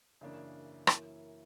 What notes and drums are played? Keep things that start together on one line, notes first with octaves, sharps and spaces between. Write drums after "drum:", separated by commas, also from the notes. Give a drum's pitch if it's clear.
F#2 C#3 E3 A#3 D4
F#2 E3 A#3 C#4 E4, drum: rim click